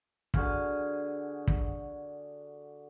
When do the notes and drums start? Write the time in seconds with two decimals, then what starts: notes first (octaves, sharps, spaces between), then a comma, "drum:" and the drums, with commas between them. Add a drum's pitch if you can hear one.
0.34 D3 F#4 G#4 F5, drum: kick
1.48 drum: kick